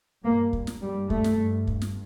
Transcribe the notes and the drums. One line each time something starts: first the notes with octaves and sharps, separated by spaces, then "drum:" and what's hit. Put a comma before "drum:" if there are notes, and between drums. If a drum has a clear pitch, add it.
G2 A#3
drum: kick
drum: snare
G2 G3
A3, drum: kick
drum: snare
G2
drum: kick
drum: snare